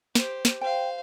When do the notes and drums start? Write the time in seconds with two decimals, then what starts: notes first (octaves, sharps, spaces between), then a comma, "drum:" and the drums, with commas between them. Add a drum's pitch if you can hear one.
0.15 G4 C5, drum: snare
0.45 drum: snare
0.61 C5 F5 G5